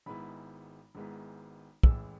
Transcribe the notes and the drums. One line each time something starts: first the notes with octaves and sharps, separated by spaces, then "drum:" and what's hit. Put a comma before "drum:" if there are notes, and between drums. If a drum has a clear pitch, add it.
G#1 G#2 G#3 B3 E4 B5
G#1 G#2 G#3 B3 E4
A1 A2 E3 G#3 E6, drum: kick